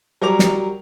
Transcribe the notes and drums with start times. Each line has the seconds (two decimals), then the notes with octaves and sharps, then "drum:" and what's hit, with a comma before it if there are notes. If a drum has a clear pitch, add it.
0.21 F#3 G3 A#4 D6 F7
0.39 drum: snare